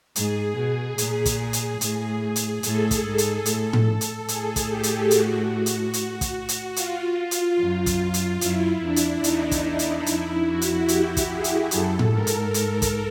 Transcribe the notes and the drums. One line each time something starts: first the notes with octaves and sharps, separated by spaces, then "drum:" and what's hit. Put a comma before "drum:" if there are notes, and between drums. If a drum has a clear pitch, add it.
G#2 G#4, drum: hi-hat
B2
A#2, drum: hi-hat
drum: kick, hi-hat
drum: hi-hat
A2, drum: hi-hat
drum: hi-hat
A2 A4, drum: hi-hat
drum: kick, hi-hat
G#2
drum: hi-hat
A2, drum: hi-hat
drum: tom A2
drum: hi-hat
A2 G#4, drum: hi-hat
drum: kick, hi-hat
G4
drum: hi-hat
F#4, drum: hi-hat
drum: hi-hat
drum: hi-hat
drum: kick, hi-hat
drum: hi-hat
F4, drum: hi-hat
drum: hi-hat
F#2
drum: kick, hi-hat
drum: hi-hat
F#2 E4, drum: hi-hat
F2 D4
drum: hi-hat
E2 D#4, drum: hi-hat
drum: kick, hi-hat
drum: hi-hat
F2 E4, drum: hi-hat
F#4
drum: hi-hat
G4, drum: hi-hat
drum: kick, hi-hat
G#4
drum: hi-hat
F#2 A4, drum: hi-hat
drum: tom A2
G#2 A#4
drum: hi-hat
drum: hi-hat
drum: kick, hi-hat